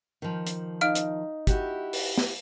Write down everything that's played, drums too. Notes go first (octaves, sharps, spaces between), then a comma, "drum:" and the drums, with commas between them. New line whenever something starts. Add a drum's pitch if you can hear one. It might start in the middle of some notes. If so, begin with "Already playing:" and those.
D#3 F3
drum: hi-hat
D#4 F5 F6 D7
drum: hi-hat
E4 F#4 G4, drum: kick, hi-hat
drum: open hi-hat
drum: snare